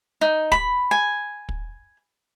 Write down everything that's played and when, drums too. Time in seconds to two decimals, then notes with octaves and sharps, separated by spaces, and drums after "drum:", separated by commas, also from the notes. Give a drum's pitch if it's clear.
0.21 D#4
0.52 B5, drum: kick
0.91 G#5
1.49 drum: kick